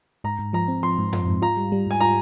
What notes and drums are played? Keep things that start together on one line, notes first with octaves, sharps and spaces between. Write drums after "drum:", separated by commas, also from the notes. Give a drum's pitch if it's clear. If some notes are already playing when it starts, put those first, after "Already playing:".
G#2 A#5
G#2
F3 A#5
C4
F3 C6
G#2
F3, drum: tom F#2
G#2
F4 A#5
G3
G3
G#2 G#5
F4 A#5